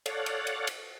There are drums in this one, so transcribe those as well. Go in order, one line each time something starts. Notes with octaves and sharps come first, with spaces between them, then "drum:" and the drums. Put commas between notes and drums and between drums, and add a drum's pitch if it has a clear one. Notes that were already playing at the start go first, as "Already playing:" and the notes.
A4 C#5 D5 F5 F#5, drum: cymbal
drum: cymbal
drum: cymbal
drum: cymbal